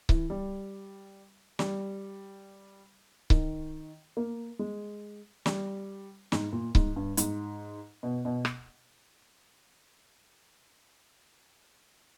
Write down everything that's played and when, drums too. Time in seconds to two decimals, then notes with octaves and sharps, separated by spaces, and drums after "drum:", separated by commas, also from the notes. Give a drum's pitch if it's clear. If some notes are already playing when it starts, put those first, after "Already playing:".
0.09 E3, drum: kick C#1
0.30 G3
1.59 G3, drum: snare
3.30 D#3, drum: kick C#1
4.17 A#3
4.59 G#3
5.46 G3, drum: snare
6.32 G#2, drum: snare
6.53 A#2
6.75 G#2, drum: kick C#1
6.96 G2
7.17 G#2, drum: hi-hat
8.03 B2
8.25 B2
8.45 drum: rim click